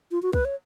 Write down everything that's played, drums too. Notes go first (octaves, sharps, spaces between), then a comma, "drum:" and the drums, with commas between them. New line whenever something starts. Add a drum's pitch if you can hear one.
F4
F#4
B4, drum: kick C2
C#5